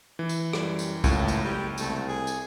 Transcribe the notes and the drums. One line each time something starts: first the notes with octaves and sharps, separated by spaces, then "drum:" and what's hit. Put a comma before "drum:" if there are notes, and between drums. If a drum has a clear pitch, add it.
E3
drum: tambourine
F#2 G3, drum: rim click
drum: tambourine
C#2 A2, drum: kick, tambourine
drum: tambourine
F#1 G3
C2 A3, drum: tambourine
G#4
drum: tambourine